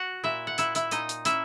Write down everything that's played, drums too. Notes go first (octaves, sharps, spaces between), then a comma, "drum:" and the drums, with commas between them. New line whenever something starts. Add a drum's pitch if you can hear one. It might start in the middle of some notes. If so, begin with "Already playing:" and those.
Already playing: F#4 F#5
A#2 E4 E5
F#5
A#2 E4 E5, drum: hi-hat
E4 E5, drum: hi-hat
A#2 D#4 D#5, drum: hi-hat
drum: hi-hat
C#4 E4 E5, drum: hi-hat